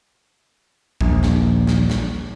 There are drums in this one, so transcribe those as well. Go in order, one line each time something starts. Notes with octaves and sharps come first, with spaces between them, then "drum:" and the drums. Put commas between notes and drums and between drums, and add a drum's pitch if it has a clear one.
A#1 D#2, drum: kick
drum: snare
drum: snare
drum: snare